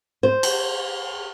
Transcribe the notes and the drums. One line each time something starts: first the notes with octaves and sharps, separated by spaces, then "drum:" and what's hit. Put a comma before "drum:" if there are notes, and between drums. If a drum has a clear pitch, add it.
C5
drum: cymbal